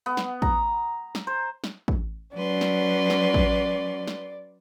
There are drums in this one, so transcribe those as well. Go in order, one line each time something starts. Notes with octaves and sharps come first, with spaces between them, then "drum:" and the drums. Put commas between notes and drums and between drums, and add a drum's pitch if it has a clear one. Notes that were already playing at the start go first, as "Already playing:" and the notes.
B3
drum: snare
A#5, drum: kick
drum: snare
C5
drum: snare
drum: kick
F#3 C#4 B4 D5 C6
drum: snare
drum: snare
drum: kick
drum: snare